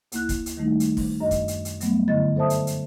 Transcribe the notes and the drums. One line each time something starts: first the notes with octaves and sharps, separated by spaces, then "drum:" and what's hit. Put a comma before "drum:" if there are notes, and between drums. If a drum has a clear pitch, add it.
D2 A#3 E4 F#6, drum: hi-hat
drum: kick, hi-hat
drum: hi-hat
D#3 G3 A3 D#4
drum: hi-hat
drum: kick, open hi-hat
F#2 D4 D#5
drum: kick, hi-hat
drum: hi-hat
drum: hi-hat
F#3 G3 A3 B3, drum: hi-hat
G2 D3 E4 D#5 A6
A4 C5 D5 E5 A5 D#6
drum: hi-hat
drum: hi-hat